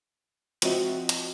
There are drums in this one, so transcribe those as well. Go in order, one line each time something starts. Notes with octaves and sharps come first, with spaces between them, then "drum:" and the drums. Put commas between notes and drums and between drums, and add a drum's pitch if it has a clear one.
F3 C4 F#4 D#5 E5, drum: hi-hat
drum: hi-hat